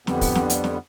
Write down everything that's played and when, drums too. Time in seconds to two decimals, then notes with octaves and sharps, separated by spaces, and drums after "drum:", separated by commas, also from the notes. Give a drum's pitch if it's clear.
0.07 F2 D3 G3 B3, drum: snare
0.21 drum: kick, open hi-hat
0.35 drum: snare
0.50 drum: hi-hat
0.64 drum: snare